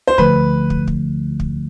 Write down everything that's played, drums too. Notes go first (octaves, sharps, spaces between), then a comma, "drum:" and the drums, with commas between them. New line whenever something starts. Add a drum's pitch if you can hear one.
C5
D2 D3 F3 A3 B4, drum: kick
drum: kick
drum: kick
drum: kick